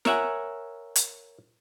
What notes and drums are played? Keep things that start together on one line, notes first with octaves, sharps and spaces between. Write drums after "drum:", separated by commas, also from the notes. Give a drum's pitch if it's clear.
A#4 C#5 E5 F#5 G#5, drum: snare
drum: hi-hat